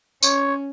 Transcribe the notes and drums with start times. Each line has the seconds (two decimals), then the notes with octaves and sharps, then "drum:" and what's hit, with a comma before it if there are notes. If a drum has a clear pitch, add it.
0.23 C#4 C#5, drum: tambourine